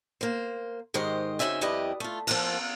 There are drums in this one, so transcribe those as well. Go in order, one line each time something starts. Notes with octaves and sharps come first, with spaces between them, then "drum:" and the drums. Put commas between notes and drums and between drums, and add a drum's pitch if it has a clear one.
A#3 C5
G#2 D#3 G#3 G4 C5 D#5
F#2 C#3 C4 D#4 E5 G#5
F2 G3 E4 G4 B4 D#5
A3 F4
F3 A#3 F4, drum: cymbal